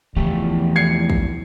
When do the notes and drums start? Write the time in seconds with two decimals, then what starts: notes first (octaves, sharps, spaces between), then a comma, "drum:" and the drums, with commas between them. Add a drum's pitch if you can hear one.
0.16 E2 C#3 E3 F3 A3 G4
0.76 G#6 C7 C#7
1.10 drum: kick